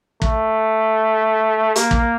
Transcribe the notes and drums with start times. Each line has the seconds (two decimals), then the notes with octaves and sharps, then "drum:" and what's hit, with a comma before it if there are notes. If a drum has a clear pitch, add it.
0.22 A3, drum: kick
1.76 A#3, drum: hi-hat
1.91 drum: kick